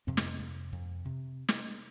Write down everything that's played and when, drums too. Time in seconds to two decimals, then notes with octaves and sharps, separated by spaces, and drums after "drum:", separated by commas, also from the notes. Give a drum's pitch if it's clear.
0.07 F2 C3 C4
0.17 drum: snare
0.40 F2
0.72 F2
1.05 C3
1.48 drum: snare